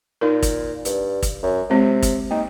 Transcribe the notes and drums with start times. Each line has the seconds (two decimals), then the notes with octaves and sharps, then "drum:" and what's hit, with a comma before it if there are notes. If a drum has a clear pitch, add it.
0.21 A#2 D#4 A#4
0.42 drum: kick, hi-hat
0.85 G2, drum: hi-hat
1.22 drum: kick, hi-hat
1.42 F#2
1.70 C3 G#3 C4
2.02 drum: kick, hi-hat
2.31 A#3 D#4